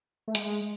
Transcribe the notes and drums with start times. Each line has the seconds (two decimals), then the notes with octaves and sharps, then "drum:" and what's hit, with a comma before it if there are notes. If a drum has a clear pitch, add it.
0.28 A3
0.35 G#3, drum: hi-hat